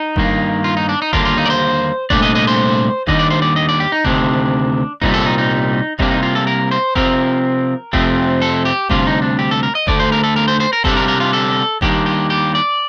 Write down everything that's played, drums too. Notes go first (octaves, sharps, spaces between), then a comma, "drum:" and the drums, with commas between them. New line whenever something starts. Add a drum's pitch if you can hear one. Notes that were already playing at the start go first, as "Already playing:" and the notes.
Already playing: D#4
G2 D#3 A#3, drum: kick F#1
F4
D#4
D4
D#4
D#2 D3 G3 A#3 D4 F4, drum: kick F#1
F4
D#4
D5
C5
C2 A#2 A3 D4 D5, drum: kick F#1
D#5
D#5
C5
D#2 D#3 G3 D4 D#5, drum: kick F#1
D5
C5
D5
D#5
D5
G4
D#4
D2 C3 D#3 D4, drum: kick F#1
C2 A#2 G3 D#4, drum: kick F#1
A4
D#4
D#4
C2 C3 G3 A#3 D4 D#4, drum: kick F#1
D#4
F4
A4
A#4
C5
C3 F3 C4 A#4, drum: kick F#1
F2 C3 F3 A3 C4, drum: kick F#1
A4
G4
D2 C3 G3 D4 F4, drum: kick F#1
D#4
D4
G4
A4
A#4
D#5
D2 D3 A3 D5, drum: kick F#1
C5
A#4
A4
A#4
C5
C5
A#4
C3 G3 D4 A4, drum: kick F#1
A#4
A#4
F4
A4
D#2 D#3 G3 A#3 D4 G4, drum: kick F#1
G4
G4
D5